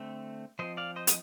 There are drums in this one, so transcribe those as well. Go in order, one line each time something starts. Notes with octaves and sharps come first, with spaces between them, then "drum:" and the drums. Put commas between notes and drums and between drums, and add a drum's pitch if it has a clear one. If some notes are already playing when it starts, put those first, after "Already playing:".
Already playing: D3 A3 C4
F3 C4 C5 D#5
D5 F5
C5 D#5
D#5, drum: hi-hat